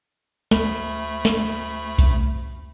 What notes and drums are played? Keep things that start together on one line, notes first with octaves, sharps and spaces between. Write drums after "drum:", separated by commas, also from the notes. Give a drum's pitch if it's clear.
D2 A3 B5, drum: snare
drum: snare
drum: kick B1, hi-hat